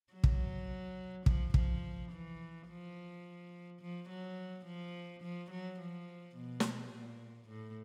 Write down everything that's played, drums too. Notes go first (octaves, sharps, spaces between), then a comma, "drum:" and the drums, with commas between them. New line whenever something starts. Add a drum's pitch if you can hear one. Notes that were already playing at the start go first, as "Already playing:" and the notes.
F#3
drum: kick
F3, drum: kick
F3, drum: kick
E3
F3
F3
F#3
F3
F3
F#3
F3
B2
drum: snare
A#2
A2